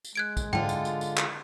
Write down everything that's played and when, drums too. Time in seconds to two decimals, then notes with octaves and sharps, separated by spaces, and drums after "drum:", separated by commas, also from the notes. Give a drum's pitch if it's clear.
0.05 drum: tambourine
0.15 G#3 F#6 G#6 D7
0.37 drum: kick, tambourine
0.53 D3 F4 G5, drum: tom G#2
0.69 drum: tambourine
0.85 drum: tambourine
1.01 drum: tambourine
1.17 drum: clap